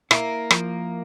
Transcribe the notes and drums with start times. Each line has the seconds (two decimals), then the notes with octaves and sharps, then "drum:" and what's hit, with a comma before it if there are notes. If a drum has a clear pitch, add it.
0.11 A#3 E4, drum: rim click
0.51 F3, drum: rim click